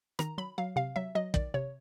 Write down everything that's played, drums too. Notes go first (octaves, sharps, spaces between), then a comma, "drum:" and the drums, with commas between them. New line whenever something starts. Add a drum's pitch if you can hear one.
D#3 A#5, drum: rim click
F#3 B5
F#3 F5
C3 F5
F#3 E5
F#3 D#5
D#3 D5, drum: kick
C3 C#5